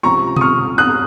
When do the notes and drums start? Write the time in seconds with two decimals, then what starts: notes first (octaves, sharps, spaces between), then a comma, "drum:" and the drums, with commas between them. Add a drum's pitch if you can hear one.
0.03 C#2 C3 F3 A#5 C#6
0.36 D#6, drum: tom B2
0.41 C#6 F6
0.78 D#6 F#6